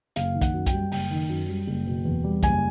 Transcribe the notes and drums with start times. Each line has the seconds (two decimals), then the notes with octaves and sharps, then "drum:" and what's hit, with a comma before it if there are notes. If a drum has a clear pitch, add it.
0.16 F#1 F5, drum: hi-hat
0.35 D#3
0.41 F#5, drum: kick B1, hi-hat
0.54 F#2
0.66 G5, drum: kick B1, hi-hat
0.73 G3
0.92 F#1 G5, drum: open hi-hat
1.11 D#3
1.29 F#2
1.49 G3
1.67 F#1
1.86 B2
2.05 E2
2.24 G3
2.43 F#1 G#5, drum: kick B1, hi-hat